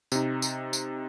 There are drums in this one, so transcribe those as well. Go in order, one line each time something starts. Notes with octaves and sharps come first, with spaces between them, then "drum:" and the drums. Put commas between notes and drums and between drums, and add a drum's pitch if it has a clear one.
C3 D#4, drum: tambourine
drum: tambourine
drum: tambourine